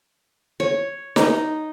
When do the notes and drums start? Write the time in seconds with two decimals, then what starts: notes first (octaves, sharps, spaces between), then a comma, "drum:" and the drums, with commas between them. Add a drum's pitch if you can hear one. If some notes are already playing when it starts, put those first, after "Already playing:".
0.60 C#5
1.16 D#4, drum: snare D#4